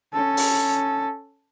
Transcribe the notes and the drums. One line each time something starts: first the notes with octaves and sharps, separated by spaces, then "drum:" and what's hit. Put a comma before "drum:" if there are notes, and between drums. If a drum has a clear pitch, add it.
C#4 A4
drum: open hi-hat